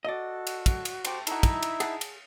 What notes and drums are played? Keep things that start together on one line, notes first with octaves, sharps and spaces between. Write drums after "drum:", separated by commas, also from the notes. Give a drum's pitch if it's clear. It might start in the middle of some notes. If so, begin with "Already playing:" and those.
F#4 A4 D5 D#5
drum: cymbal
drum: kick, cymbal
drum: cymbal
A3 G4 C5 D6, drum: cymbal
D#4 E4 F#4 A4 E5 A#5, drum: cymbal
drum: kick, cymbal
drum: cymbal
G#4 F#5 A5, drum: cymbal
drum: cymbal